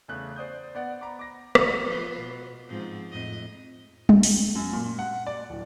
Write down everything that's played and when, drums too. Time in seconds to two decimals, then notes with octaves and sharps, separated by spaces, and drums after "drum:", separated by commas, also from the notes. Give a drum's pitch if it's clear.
0.08 E2 C#3 A3 F#6
0.36 C5 D5 D#6 G6
0.75 B3 D5 F#5
1.01 A#5 B5 D6
1.19 D6 A#6
1.55 drum: rim click
1.86 F3 F4 B4
2.19 B2
2.67 G#2 F3 C4
3.11 F2 A2 D#5
4.09 drum: tom G3
4.23 drum: open hi-hat
4.55 F#2
4.74 A#2
4.99 F#5
5.27 D5
5.50 D1